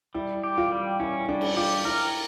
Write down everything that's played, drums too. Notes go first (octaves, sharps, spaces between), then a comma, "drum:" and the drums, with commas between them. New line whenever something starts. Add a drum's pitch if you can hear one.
G3 E4
G4
F4
G3
C#4 E4
G3 D4
drum: cymbal
F4 G4
E4 A#4